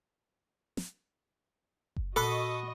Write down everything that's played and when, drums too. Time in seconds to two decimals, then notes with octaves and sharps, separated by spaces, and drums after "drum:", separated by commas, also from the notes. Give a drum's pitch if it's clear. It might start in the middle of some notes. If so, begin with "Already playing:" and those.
0.77 drum: snare
1.96 drum: kick F#1
2.16 A#2 F#4 A4 D#5 B5 C#6 F#6